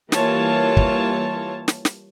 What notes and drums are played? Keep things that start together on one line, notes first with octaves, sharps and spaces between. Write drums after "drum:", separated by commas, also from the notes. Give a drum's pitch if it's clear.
E3 G3 A#3 F4 C#5 A5, drum: snare
drum: kick
drum: snare
drum: snare